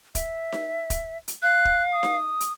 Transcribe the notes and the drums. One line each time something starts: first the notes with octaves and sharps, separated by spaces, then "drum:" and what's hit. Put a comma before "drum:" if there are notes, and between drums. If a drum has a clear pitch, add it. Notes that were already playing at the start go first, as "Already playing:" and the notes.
E5, drum: kick, hi-hat
drum: snare D#4
drum: kick, hi-hat
drum: hi-hat
F5 F#6
drum: kick
D#6
drum: snare D#4
drum: hi-hat